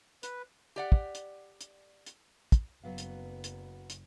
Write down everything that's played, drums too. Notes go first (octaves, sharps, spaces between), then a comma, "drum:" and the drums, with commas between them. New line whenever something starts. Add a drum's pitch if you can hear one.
B4, drum: hi-hat
G4 D5 F#5
drum: kick
drum: hi-hat
drum: hi-hat
drum: hi-hat
drum: kick, hi-hat
F#1 F#3 B3 F5
drum: hi-hat
drum: hi-hat
drum: hi-hat